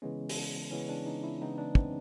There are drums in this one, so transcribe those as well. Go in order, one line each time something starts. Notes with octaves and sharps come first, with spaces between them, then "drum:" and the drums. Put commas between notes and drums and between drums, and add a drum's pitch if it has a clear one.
C#3 E3 G#3 B3 C#4
drum: open hi-hat
C#3 E3 G#3 B3 C#4
D4
D#4
E4
C#3 E3 G#3 B3 D#4
D4
C4, drum: kick